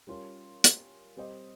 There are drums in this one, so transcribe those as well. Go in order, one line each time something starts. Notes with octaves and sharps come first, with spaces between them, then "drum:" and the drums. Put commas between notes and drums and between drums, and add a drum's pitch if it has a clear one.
G3 C#4 F4 A#4 C#5
drum: hi-hat
G3 C4 G4 C5 D#5